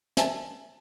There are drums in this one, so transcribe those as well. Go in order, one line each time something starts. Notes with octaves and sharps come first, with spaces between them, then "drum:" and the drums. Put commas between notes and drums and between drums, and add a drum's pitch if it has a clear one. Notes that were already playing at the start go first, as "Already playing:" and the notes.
E5 G#5 A5, drum: hi-hat